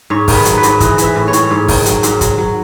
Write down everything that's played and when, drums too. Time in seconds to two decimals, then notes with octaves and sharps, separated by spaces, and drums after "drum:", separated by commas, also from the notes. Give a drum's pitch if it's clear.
0.10 G#2 C#5
0.28 D#3, drum: kick, open hi-hat
0.33 B4
0.45 F#3, drum: hi-hat
0.57 B4
0.63 G#2, drum: hi-hat
0.80 E3 D#5, drum: kick, hi-hat
0.98 E3, drum: hi-hat
1.04 E5
1.16 A2
1.28 C#5
1.33 A2, drum: hi-hat
1.50 G#2
1.68 D#3, drum: kick, open hi-hat
1.86 F#3, drum: hi-hat
2.03 G#2, drum: hi-hat
2.21 F#3, drum: kick, hi-hat
2.38 F#3